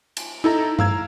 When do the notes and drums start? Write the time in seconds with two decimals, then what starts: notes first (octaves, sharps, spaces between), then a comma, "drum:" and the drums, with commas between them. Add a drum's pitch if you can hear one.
0.17 drum: cymbal
0.44 D#4 E4 A4 A#5
0.79 F5 A#5 E6 G#6, drum: tom G2